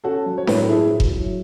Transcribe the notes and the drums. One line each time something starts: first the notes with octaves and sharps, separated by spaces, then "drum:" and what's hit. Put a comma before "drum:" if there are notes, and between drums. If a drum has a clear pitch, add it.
C#4 F#4 A4
F#3
C#5
A2 B4, drum: snare D4
A4
A2 E4 G#4
F#3
drum: kick F1
F#3